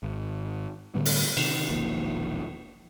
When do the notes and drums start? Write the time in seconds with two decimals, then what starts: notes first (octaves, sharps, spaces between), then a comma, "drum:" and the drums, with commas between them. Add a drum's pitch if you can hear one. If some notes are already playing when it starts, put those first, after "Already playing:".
0.03 G#1
0.95 A2 D3 G3 B3
1.05 drum: open hi-hat
1.37 C3 D#3, drum: cymbal
1.69 E1 A#1 A#2 D#3